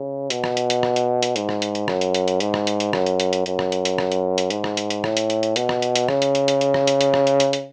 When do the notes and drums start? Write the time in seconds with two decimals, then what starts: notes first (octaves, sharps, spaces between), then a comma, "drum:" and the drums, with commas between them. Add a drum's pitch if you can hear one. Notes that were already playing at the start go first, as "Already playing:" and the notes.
Already playing: C#3
0.30 B2, drum: hi-hat
0.44 drum: rim click
0.57 drum: hi-hat
0.70 drum: hi-hat
0.83 drum: rim click
0.96 drum: hi-hat
1.23 drum: hi-hat
1.36 G#2, drum: hi-hat
1.49 drum: rim click
1.62 drum: hi-hat
1.75 drum: hi-hat
1.88 F#2, drum: rim click
2.01 drum: hi-hat
2.15 drum: hi-hat
2.28 drum: hi-hat
2.40 G#2, drum: hi-hat
2.54 drum: rim click
2.67 drum: hi-hat
2.80 drum: hi-hat
2.93 F#2, drum: rim click
3.06 drum: hi-hat
3.20 drum: hi-hat
3.33 drum: hi-hat
3.46 F#2, drum: hi-hat
3.59 drum: rim click
3.72 drum: hi-hat
3.85 drum: hi-hat
3.98 drum: rim click
4.12 drum: hi-hat
4.38 drum: hi-hat
4.50 G#2, drum: hi-hat
4.64 drum: rim click
4.77 drum: hi-hat
4.90 drum: hi-hat
5.04 A2, drum: rim click
5.17 drum: hi-hat
5.30 drum: hi-hat
5.43 drum: hi-hat
5.56 B2, drum: hi-hat
5.69 drum: rim click
5.82 drum: hi-hat
5.96 drum: hi-hat
6.09 C#3, drum: rim click
6.22 drum: hi-hat
6.35 drum: hi-hat
6.48 drum: hi-hat
6.61 drum: hi-hat
6.74 drum: rim click
6.87 drum: hi-hat
7.01 drum: hi-hat
7.14 drum: rim click
7.27 drum: hi-hat
7.40 drum: hi-hat
7.53 drum: hi-hat